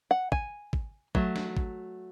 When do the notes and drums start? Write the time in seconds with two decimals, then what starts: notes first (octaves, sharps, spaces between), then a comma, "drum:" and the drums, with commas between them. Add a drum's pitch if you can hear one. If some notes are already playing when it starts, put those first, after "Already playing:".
0.11 F#5
0.32 G#5, drum: kick
0.73 drum: kick
1.15 F#3 A3, drum: kick
1.36 drum: snare
1.57 drum: kick